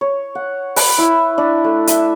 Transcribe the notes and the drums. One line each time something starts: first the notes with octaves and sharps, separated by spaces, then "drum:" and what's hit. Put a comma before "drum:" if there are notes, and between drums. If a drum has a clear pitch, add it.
C#5
F#5
B4, drum: open hi-hat
E4
D4
A3
E5, drum: hi-hat